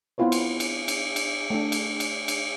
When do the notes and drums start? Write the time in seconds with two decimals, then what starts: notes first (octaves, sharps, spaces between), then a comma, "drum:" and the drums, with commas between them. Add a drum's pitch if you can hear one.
0.18 B3 C4 E4 F4 B4 C#5
0.32 drum: cymbal
0.60 drum: cymbal
0.88 drum: cymbal
1.16 drum: cymbal
1.50 A3 D4
1.72 drum: cymbal
2.00 drum: cymbal
2.28 drum: cymbal